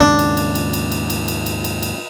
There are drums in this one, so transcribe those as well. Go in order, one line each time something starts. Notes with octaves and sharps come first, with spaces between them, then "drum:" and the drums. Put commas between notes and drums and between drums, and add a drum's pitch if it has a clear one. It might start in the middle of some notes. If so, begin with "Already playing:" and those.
D#2 G#2 C#3 D4
drum: cymbal
drum: cymbal
drum: cymbal
drum: cymbal
drum: cymbal
drum: cymbal
drum: cymbal
drum: cymbal
drum: cymbal
drum: cymbal